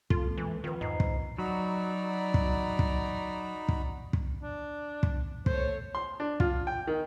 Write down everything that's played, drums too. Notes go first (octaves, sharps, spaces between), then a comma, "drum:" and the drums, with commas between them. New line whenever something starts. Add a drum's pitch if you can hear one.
F1 C4 F4 A4, drum: kick
G#3 A#3 C4
E3
D#3 F3 C4 F4 B4
E2 G#2 D#5 A#5 C7
drum: kick
F#3 D#4 F#4 D5 A#5 B5
drum: kick
drum: kick
drum: kick
drum: kick
D4
drum: kick
A3 C5 C#5, drum: kick
C6
D4
F4, drum: kick
G5
D#3